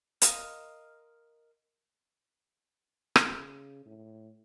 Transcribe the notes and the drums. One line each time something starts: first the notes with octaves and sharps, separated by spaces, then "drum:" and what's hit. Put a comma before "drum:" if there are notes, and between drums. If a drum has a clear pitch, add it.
A#4 D#5 F5 C6, drum: hi-hat
C#3, drum: rim click
A2